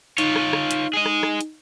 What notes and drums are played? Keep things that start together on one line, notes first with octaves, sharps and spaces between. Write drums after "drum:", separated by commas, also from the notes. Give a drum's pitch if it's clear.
D#4 F4 C#5, drum: hi-hat
drum: rim click
drum: rim click
drum: hi-hat
G#4 D#5
drum: rim click
drum: rim click
drum: hi-hat